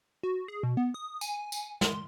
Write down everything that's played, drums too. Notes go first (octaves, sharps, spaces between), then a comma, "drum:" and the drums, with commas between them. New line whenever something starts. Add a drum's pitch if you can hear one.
F#4
G#4
B2
B3
D#6
G#5, drum: tambourine
drum: tambourine
C6, drum: snare